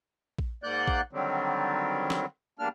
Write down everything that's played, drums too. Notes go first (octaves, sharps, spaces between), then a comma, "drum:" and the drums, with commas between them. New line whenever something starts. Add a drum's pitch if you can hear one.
drum: kick A#1
G#2 A#3 D5 F#5 F#6 G6
drum: kick A#1
D3 D#3 F#3 G3 C4
drum: snare
E2 G3 A#3 D4 F6